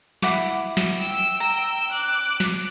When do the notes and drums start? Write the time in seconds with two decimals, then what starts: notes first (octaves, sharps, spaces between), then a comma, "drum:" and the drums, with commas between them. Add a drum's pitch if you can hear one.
0.22 E4 F#5 D6, drum: snare
0.77 drum: snare
0.98 G5 E6
1.40 A#5
1.92 D6 F#6
2.40 drum: snare